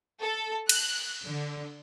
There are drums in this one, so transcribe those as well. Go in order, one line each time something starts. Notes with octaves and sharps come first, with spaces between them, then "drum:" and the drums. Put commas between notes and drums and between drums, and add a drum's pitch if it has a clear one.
A4
F#6, drum: cymbal
D3